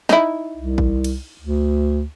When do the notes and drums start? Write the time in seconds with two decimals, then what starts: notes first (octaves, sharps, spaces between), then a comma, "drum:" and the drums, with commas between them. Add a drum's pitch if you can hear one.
0.09 D#4 E4, drum: snare
0.57 C2
0.78 drum: kick A1
1.04 drum: cymbal
1.41 D2